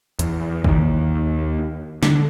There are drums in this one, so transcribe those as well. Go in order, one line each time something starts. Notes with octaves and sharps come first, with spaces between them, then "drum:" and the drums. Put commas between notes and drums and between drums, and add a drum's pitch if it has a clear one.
E2, drum: hi-hat
D#2 D#3, drum: kick G#1
D3, drum: snare